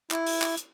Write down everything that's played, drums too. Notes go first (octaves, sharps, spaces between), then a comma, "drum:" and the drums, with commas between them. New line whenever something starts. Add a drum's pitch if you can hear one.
E4, drum: clap
drum: open hi-hat
drum: clap
drum: hi-hat